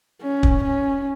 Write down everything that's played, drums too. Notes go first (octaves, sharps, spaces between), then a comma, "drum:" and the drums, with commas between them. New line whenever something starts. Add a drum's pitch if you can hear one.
C#4
drum: kick
C#4